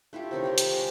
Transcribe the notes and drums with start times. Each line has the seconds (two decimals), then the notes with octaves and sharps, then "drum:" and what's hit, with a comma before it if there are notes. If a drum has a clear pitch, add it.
0.13 A3 E4 F4 G4
0.31 C3 D#3 D#4 C#5
0.44 G4 A#4 D5
0.58 F4, drum: hi-hat
0.73 G#3